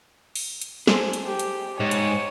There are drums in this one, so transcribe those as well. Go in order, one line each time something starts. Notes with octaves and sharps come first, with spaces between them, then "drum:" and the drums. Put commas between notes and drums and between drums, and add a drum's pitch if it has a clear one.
drum: open hi-hat
drum: hi-hat
G#4 A4 C5, drum: snare
drum: hi-hat
G4
drum: hi-hat
G#2 C#5
drum: hi-hat